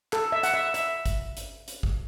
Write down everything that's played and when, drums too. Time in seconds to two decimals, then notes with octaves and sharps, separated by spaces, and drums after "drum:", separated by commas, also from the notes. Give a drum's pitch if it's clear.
0.13 A4, drum: clap
0.32 E5
0.43 F#5, drum: hi-hat
0.54 E5
0.74 E5, drum: hi-hat
1.06 drum: kick G#1, hi-hat
1.37 drum: hi-hat
1.68 drum: hi-hat
1.83 drum: kick G#1